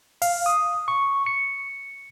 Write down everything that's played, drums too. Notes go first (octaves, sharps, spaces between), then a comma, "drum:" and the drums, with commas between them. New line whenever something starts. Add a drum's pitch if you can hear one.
F5, drum: open hi-hat
D#6
C#6
C#7